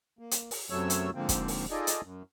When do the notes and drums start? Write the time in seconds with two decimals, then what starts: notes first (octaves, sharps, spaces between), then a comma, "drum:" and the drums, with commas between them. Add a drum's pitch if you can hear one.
0.19 A#3
0.31 drum: hi-hat
0.51 drum: open hi-hat
0.70 F#2 C3 F#3 A3 C#5 E6
0.90 drum: hi-hat
1.15 G#2 D3 F3 A#3 C4
1.29 drum: kick, hi-hat
1.48 drum: open hi-hat
1.71 D#4 F4 G#4 A4 D5 D#5
1.87 drum: hi-hat
2.03 F#2